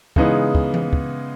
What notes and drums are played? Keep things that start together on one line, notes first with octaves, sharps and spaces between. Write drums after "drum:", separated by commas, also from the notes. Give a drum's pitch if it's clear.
C#3 E3 G#3 B3 D#4, drum: kick
drum: kick
drum: tom E3
drum: kick